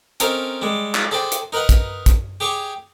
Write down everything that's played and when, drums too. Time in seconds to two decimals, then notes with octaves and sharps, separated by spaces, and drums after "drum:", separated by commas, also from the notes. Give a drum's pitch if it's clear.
0.20 C4 C#4 D#4 A4 A#4 C5, drum: hi-hat
0.62 G3 G#3
0.95 drum: clap
1.11 G#4 A4 C5 D5 G5
1.32 drum: hi-hat
1.52 D#4 A#4 B4 D#5 F#5
1.69 drum: kick, hi-hat
2.06 drum: kick, hi-hat
2.40 G4 G#4 C#5 G5 C#6 D6